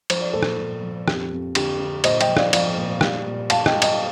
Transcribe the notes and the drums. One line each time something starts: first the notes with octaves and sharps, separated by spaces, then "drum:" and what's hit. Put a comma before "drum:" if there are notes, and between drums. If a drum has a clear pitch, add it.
F3 C5, drum: cymbal
D5
A#2 A4 C5
drum: rim click
A#2
F3
F2 G4, drum: rim click
F2
D3 G4, drum: cymbal
D3
A#2 C5 D#5, drum: cymbal
D#5 G5, drum: cymbal
F3
D5 F5, drum: rim click
F3 D5 F5, drum: cymbal
A#2
G3, drum: rim click
A#2
G3 F5 A5, drum: cymbal
D#5 G5, drum: rim click
G3
D#5 G5, drum: cymbal